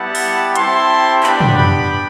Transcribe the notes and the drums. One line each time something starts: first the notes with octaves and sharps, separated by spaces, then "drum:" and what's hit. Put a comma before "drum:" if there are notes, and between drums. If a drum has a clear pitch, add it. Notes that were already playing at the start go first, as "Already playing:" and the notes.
Already playing: G3 B3 E4 G4 F#5 A5
drum: open hi-hat
C4 E4 G4 A5 C6, drum: hi-hat
B3 D4 G4 G5 B5, drum: clap
drum: tom
G5 B5